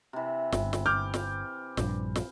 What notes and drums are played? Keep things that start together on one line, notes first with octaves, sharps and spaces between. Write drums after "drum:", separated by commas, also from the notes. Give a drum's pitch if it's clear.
C3 E3
G1, drum: snare
drum: snare
D6 F6 G6
drum: snare
A#1 G2, drum: snare
drum: snare